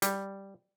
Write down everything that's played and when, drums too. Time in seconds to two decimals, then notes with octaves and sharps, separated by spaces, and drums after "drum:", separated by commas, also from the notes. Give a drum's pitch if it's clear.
0.02 G3, drum: hi-hat